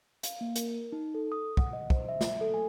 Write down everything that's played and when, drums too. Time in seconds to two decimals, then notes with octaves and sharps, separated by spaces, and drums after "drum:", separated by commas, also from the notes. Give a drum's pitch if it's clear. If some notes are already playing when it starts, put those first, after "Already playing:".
0.23 F5, drum: hi-hat
0.41 A#3
0.56 A#4, drum: hi-hat
0.92 D#4
1.15 A4
1.32 D#6
1.57 F#5, drum: kick
1.73 D#5
1.90 C5, drum: kick
2.09 E5
2.21 drum: snare
2.41 A4
2.54 G#5